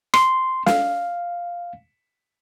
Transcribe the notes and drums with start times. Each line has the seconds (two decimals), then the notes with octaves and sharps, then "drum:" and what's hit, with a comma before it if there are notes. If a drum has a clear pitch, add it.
0.14 C6, drum: rim click
0.66 F5, drum: snare